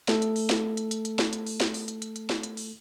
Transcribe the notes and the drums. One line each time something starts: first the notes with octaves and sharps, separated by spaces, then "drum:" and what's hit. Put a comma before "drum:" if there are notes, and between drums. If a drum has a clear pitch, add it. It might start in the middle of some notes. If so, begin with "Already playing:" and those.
A3 A4, drum: snare
drum: hi-hat
drum: open hi-hat
drum: snare
drum: hi-hat
drum: hi-hat
drum: hi-hat
drum: snare
drum: hi-hat
drum: open hi-hat
drum: snare
drum: open hi-hat
drum: hi-hat
drum: hi-hat
drum: hi-hat
drum: snare
drum: hi-hat
drum: open hi-hat